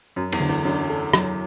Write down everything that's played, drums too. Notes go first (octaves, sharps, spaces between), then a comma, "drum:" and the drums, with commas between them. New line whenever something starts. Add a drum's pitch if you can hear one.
F#2 F#3
E2, drum: cymbal
D3
E2
F#2 D4
A4
F#3, drum: rim click